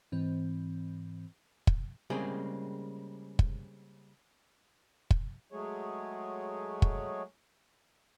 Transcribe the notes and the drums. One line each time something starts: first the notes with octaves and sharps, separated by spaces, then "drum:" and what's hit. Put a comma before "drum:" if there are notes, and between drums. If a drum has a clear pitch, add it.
G#2 E3 C4
drum: kick
C#3 G3 G#3 A#3 C4 G#4
drum: kick
drum: kick
F#3 G#3 A3 G#4 C#5
drum: kick